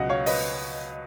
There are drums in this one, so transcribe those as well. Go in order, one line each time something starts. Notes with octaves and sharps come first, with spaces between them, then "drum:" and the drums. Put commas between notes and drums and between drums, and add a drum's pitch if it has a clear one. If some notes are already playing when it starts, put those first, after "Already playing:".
Already playing: C#2 B2 F#3 D#5 F#5
C#5 F5
B4 D#5, drum: open hi-hat